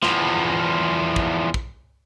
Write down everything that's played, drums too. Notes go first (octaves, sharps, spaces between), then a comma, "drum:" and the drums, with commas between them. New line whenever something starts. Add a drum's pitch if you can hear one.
E2 F3, drum: snare
drum: kick
drum: kick